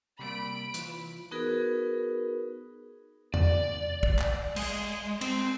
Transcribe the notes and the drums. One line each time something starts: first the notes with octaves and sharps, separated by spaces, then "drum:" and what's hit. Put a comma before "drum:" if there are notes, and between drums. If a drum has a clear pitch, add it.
C3 G3 A#3 B5 D7
E3 F4, drum: hi-hat
B3 D#4 F#4 G#4 A#4 B4
D5, drum: tom E2
drum: kick
drum: clap
G#3, drum: cymbal
C4, drum: cymbal